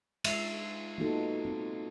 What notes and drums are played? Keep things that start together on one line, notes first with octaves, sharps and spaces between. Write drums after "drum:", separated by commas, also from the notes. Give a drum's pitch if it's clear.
G#3 E5, drum: cymbal
A#3 B3 D#4 F4 F#4 A4
C4